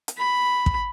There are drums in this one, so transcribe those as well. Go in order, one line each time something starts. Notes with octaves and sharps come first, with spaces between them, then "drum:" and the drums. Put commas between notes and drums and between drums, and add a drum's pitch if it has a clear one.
drum: hi-hat
B5
drum: kick